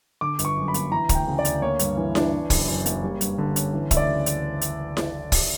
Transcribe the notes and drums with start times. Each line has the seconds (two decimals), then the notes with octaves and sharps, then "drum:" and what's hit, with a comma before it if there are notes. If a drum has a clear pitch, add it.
0.21 D3 D6
0.39 G1, drum: hi-hat
0.45 C#6
0.57 F#2
0.68 B5
0.74 A#3, drum: hi-hat
0.92 E3 A#5
1.09 D2, drum: kick, hi-hat
1.15 G5
1.27 C#3
1.39 D5
1.45 D2, drum: hi-hat
1.62 A#3 C#5
1.79 G2, drum: hi-hat
1.97 E3
2.15 D4, drum: snare E4
2.33 E3
2.50 F#1, drum: kick, open hi-hat
2.68 F#2
2.86 A#3, drum: hi-hat
3.03 G3
3.21 G2, drum: hi-hat
3.38 D3
3.56 C#4, drum: hi-hat
3.73 E3
3.91 D2 E5, drum: kick, hi-hat
3.97 D5
4.08 C#3
4.26 drum: hi-hat
4.61 drum: hi-hat
4.97 drum: snare E4
5.32 drum: kick, open hi-hat